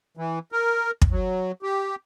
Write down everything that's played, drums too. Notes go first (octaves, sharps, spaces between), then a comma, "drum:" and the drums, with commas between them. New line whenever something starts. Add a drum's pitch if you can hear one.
E3
A#4
drum: kick
F#3
G4